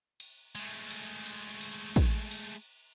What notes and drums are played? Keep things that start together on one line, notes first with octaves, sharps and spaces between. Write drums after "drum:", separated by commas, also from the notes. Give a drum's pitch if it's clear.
drum: cymbal
G#3 A3, drum: cymbal
drum: cymbal
drum: cymbal
drum: cymbal
drum: kick, cymbal
drum: cymbal